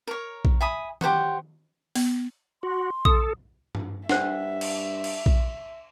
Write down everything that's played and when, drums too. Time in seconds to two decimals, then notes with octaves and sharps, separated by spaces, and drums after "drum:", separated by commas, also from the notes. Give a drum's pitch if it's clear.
0.07 A#4 C#5
0.45 drum: kick A#1
0.61 E5 G#5 B5 D#6
1.01 G4 C5 C#5 F#5, drum: tom D#3
1.95 B3, drum: open hi-hat
2.63 F#4 C6
3.05 A4 D#6, drum: kick A#1
3.75 drum: tom G2
4.09 G2 D4 C5 E5 F#5, drum: snare
4.61 drum: cymbal
5.04 drum: cymbal
5.26 drum: kick A#1